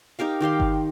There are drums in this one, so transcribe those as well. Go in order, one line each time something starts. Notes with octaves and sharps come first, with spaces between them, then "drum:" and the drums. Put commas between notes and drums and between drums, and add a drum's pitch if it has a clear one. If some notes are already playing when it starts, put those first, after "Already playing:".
D#4 G4 A#4 F5
D#3 G4 F5 C6
drum: kick G1